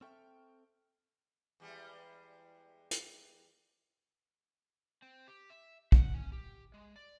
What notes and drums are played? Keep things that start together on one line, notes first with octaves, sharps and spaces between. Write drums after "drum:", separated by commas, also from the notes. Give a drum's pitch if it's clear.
C4 A4 E5 G5 C#6 F6
E2 G3 G#3
drum: hi-hat
C4
G4
E5
F#5, drum: kick
C#4
G4
G#3
D5